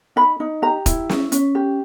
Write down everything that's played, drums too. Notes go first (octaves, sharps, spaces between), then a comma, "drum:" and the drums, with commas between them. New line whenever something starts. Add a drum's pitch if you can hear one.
D#4 B5
D#4
G4 A#5
E4, drum: kick, hi-hat
C#4, drum: snare
C#4, drum: hi-hat
G4